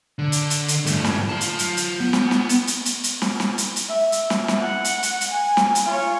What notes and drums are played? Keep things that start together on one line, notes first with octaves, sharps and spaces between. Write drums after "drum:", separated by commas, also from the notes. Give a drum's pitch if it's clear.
D3
drum: hi-hat
drum: hi-hat
drum: hi-hat
G2 A3, drum: hi-hat
drum: snare
F4 A5
drum: hi-hat
drum: hi-hat
drum: hi-hat
B3
drum: snare
drum: snare
drum: hi-hat
drum: hi-hat
drum: hi-hat
drum: hi-hat
drum: snare
drum: snare
drum: hi-hat
drum: hi-hat
E5
drum: hi-hat
drum: snare
drum: snare
F#5
drum: hi-hat
drum: hi-hat
drum: hi-hat
G#5
drum: snare
drum: hi-hat
F4 C#5